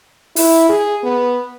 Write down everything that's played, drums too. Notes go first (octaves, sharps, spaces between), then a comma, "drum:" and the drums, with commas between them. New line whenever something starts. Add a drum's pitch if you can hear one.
E4, drum: open hi-hat
G#4
B3